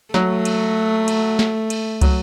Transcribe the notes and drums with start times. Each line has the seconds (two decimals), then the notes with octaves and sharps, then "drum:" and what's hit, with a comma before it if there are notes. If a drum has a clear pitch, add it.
0.14 F#3 A3, drum: snare
0.45 drum: cymbal
1.08 drum: cymbal
1.39 drum: snare
1.70 drum: cymbal
2.01 F#3, drum: kick, cymbal